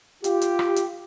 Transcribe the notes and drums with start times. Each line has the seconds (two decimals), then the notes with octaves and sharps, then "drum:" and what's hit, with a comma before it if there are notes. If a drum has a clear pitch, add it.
0.24 F4 G4, drum: hi-hat
0.41 drum: hi-hat
0.59 drum: rim click
0.76 drum: hi-hat